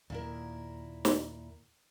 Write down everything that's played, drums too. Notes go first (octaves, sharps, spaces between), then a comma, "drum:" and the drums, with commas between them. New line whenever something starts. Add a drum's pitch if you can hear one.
D#2 A#2 E4 A#4
drum: snare